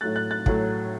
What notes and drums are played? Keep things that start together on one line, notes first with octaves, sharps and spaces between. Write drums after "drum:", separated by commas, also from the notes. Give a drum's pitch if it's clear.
A2 F#3 A3 F#6 A6
F#6 A6
F#6 A6
A2 F#3 A3, drum: kick